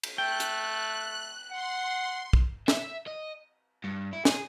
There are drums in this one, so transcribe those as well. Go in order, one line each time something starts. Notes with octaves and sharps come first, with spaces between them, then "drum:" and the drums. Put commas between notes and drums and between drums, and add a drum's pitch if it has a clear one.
drum: cymbal
A3 G5 F#6
drum: hi-hat
F#5 C6
drum: kick
E5, drum: snare
D#5
G2
E4
G#4, drum: snare